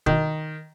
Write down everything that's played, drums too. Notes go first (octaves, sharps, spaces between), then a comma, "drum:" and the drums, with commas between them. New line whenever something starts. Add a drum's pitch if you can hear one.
D#3, drum: kick